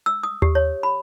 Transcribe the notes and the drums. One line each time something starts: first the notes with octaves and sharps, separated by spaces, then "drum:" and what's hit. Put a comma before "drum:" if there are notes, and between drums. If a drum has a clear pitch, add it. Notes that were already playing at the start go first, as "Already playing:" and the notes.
E6
D#6
G4, drum: tom D#2
C#5
B5